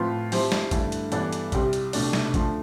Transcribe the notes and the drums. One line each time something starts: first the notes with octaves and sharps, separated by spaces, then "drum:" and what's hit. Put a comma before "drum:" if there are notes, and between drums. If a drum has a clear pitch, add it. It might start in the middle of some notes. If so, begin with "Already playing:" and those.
Already playing: A2 F3 C4 F4 B4
F3 C4 E4 G4 C5, drum: open hi-hat
drum: snare
G2 D3 A3 E4, drum: kick, hi-hat
drum: hi-hat
G2 E3 B3 D4 A4, drum: hi-hat
drum: hi-hat
C2 C3 G3 C4 G4, drum: kick, hi-hat
drum: hi-hat
C2 B2 A3 D4, drum: open hi-hat
drum: snare
D3 F3 A3, drum: kick, hi-hat